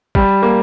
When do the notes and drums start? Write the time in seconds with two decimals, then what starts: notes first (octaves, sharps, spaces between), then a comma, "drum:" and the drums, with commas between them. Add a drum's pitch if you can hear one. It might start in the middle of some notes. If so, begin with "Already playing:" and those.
0.15 G3, drum: kick
0.42 A#3